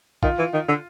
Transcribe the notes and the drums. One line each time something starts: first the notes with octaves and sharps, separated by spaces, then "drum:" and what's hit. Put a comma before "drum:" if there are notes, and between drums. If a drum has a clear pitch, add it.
D#3 F4, drum: kick
E3
D#3
D3